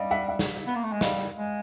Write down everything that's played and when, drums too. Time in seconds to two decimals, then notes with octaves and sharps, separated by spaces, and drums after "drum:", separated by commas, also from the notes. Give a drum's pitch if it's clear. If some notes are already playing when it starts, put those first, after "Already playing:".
Already playing: G3 D5 D#5 F5
0.11 E5 F#5
0.29 E5 F#5
0.39 drum: snare
0.67 B3
0.75 A#3
0.84 A3
0.92 G#3
1.01 G3 D#5 F5, drum: snare
1.37 G#3